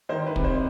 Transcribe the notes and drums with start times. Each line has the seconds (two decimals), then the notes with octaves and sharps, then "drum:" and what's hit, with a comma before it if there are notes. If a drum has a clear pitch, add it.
0.09 D#3 C5
0.27 B4
0.36 C3, drum: kick
0.44 C5